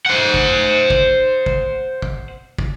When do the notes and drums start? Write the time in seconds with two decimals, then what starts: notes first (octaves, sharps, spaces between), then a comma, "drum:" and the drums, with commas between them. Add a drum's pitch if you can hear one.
0.06 C5 F#5
0.34 drum: kick
0.90 drum: kick
1.46 drum: kick
2.02 drum: kick
2.59 drum: kick